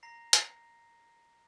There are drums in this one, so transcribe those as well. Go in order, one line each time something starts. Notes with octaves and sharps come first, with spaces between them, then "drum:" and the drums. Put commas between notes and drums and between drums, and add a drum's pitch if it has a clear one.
A#5 A#6 C7
drum: hi-hat